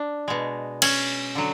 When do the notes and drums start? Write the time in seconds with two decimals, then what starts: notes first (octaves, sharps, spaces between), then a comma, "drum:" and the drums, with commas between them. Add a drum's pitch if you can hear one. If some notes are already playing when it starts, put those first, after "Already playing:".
Already playing: D4
0.28 B2 G#3
0.82 C#4, drum: cymbal
1.35 D3 F#3